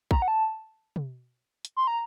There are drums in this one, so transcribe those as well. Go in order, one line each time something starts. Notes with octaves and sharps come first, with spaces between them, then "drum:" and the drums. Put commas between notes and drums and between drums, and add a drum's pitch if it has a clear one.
A#5, drum: kick
F#5
A5
drum: tom
drum: hi-hat
C6
A#5